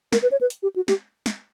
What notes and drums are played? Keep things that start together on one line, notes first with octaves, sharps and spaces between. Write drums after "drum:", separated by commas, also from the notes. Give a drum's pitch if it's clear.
A#4, drum: snare
B4
C#5
B4
drum: hi-hat
G4
F#4
G4, drum: snare
drum: snare